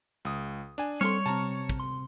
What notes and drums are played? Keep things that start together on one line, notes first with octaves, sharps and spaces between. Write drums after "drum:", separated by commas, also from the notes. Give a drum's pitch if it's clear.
C#2 D#6
D4 G#5, drum: hi-hat
G3 C4 A4 C#5 C6 C#6 F6 C#7, drum: snare
C3 C4 A5 A#5, drum: hi-hat
drum: kick, hi-hat
C6